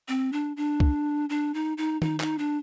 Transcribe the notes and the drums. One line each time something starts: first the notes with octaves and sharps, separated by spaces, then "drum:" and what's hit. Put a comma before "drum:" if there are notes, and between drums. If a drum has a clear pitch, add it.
C4
D4
D4
drum: kick
D4
D#4
D#4
D#4, drum: tom D#3
D#4, drum: clap
D4